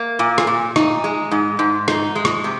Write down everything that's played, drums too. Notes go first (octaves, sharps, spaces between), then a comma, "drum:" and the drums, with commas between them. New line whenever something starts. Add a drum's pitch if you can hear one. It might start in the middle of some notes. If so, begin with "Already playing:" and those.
Already playing: A#3
A#2
drum: rim click
A#2
D#4, drum: rim click
G#3
G#2
G#2
D#4, drum: rim click
G#3
drum: rim click
C3